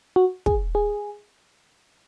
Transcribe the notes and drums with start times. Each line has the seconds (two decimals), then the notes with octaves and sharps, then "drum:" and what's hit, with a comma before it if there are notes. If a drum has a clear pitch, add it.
0.16 F#4
0.46 G#4, drum: kick
0.75 G#4